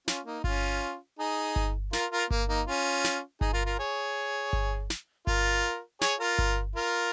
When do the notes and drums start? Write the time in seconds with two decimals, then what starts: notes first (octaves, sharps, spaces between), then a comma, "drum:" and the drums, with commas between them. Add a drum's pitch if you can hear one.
0.08 C#4 F4, drum: snare
0.26 A#3 D#4
0.44 C#4 F4, drum: kick G1
1.19 D#4 G#4
1.56 drum: kick G1
1.93 F4 A#4, drum: snare
2.12 F4 A#4
2.31 A#3, drum: kick G1
2.49 A#3 D#4
2.67 C#4 F4
3.04 drum: snare
3.41 D#4 G#4, drum: kick G1
3.53 F4 A#4
3.66 F4 A#4
3.79 G#4 C#5
4.53 drum: kick G1
4.90 drum: snare
5.27 F4 A#4, drum: kick G1
6.01 G#4 C#5, drum: snare
6.20 F4 A#4
6.38 drum: kick G1
6.76 F4 A#4